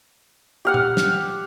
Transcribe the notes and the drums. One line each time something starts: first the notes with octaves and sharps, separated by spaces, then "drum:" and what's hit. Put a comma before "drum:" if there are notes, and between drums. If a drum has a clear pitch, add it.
G4 F5 F#5
drum: tom
drum: snare